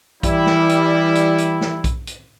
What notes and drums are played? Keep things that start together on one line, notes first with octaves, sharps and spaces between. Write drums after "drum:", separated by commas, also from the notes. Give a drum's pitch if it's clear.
E3 G3 E4, drum: kick B1, hi-hat
drum: snare
drum: hi-hat
drum: hi-hat
drum: hi-hat
drum: snare
drum: kick B1, hi-hat
drum: hi-hat